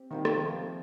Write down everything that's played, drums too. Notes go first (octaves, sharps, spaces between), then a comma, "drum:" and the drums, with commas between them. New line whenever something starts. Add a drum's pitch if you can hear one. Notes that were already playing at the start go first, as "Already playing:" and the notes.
Already playing: C4 G4
C3 D#3 G3 A#3 F4
drum: rim click
D#3
F3